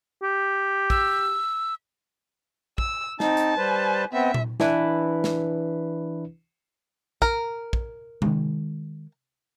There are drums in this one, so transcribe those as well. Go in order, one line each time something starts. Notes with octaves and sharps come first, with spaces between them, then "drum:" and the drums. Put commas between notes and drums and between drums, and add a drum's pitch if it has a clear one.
G4
E6, drum: kick
E6, drum: kick
C4 D#4 A5, drum: snare
drum: hi-hat
G3 B4 C5
B3 C4 E5
drum: tom A#2
E3 D4 E4 B4, drum: snare
drum: snare
A#4, drum: kick
drum: kick
D#3 G#3, drum: tom C3